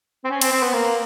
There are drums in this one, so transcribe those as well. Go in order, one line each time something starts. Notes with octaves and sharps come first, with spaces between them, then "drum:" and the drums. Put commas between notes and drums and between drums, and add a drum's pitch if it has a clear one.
C4
C#4
C4, drum: cymbal
C4
B3
A#3